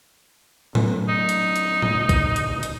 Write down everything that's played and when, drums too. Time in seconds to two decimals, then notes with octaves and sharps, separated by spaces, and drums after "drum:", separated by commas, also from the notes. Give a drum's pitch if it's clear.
0.75 F#3 A3 C#4, drum: tom
1.09 D#4
1.29 drum: hi-hat
1.56 drum: hi-hat
1.82 drum: tom
1.95 D1 A#2 C#3
2.09 drum: kick, hi-hat
2.36 drum: hi-hat
2.63 drum: hi-hat